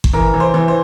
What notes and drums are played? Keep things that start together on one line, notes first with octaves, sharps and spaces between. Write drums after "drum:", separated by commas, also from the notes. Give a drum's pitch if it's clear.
drum: kick G1
E3 A#4
E3
C5
E3
C5